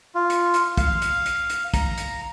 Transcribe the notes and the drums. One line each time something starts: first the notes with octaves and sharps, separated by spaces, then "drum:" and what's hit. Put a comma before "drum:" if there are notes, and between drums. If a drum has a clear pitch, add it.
F4
drum: hi-hat
drum: hi-hat
F5, drum: kick, hi-hat
drum: hi-hat
drum: hi-hat
drum: hi-hat
A#5, drum: kick, hi-hat
drum: hi-hat